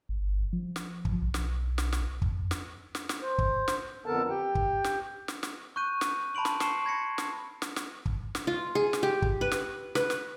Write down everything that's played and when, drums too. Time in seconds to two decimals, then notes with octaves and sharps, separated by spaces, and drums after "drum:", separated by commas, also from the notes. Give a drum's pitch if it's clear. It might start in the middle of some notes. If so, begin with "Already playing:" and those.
0.09 G1
0.53 F3
0.76 drum: snare
1.05 drum: kick
1.22 B1
1.34 drum: snare
1.78 drum: snare
1.92 drum: snare
2.22 F2, drum: kick
2.51 drum: snare
2.95 drum: snare
3.09 drum: snare
3.21 C5
3.38 drum: kick
3.68 drum: snare
4.06 F2 D3 B3 A4 A#4 A5
4.30 G4 G5
4.55 drum: kick
4.84 drum: snare
5.28 drum: snare
5.43 drum: snare
5.76 C#6 F#6 G6 D#7
6.01 drum: snare
6.35 A5 B5 C6 D7 F#7
6.45 drum: snare
6.60 A5 C#6 C7 C#7 E7, drum: snare
6.84 B5 G#6 A#6 C#7
7.18 drum: snare
7.62 drum: snare
7.76 drum: snare
8.06 drum: kick
8.35 drum: snare
8.47 F4
8.75 G#4
8.93 drum: snare
9.03 G4
9.22 drum: kick
9.41 B4
9.51 drum: snare
9.95 B4, drum: snare
10.10 drum: snare